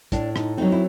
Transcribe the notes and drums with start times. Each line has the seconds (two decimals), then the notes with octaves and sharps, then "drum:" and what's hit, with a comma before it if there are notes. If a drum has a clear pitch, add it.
0.12 A2 D4, drum: kick, hi-hat
0.36 D#4, drum: rim click
0.57 F#3 A3 C4 D#4
0.72 E4